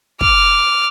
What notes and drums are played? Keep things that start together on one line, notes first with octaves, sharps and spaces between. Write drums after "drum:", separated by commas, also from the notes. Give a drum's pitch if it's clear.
D6 F6, drum: kick